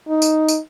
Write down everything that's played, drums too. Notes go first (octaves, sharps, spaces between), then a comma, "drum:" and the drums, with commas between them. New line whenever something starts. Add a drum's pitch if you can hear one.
D#4
drum: tambourine
drum: tambourine